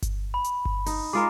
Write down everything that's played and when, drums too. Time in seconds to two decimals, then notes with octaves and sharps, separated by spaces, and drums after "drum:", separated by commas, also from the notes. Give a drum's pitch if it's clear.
0.02 drum: kick G1, hi-hat
0.34 B5
0.44 drum: hi-hat
0.65 drum: kick G1
0.86 D#4, drum: open hi-hat
1.13 G#3 F4 A#4 A#5 C6 D6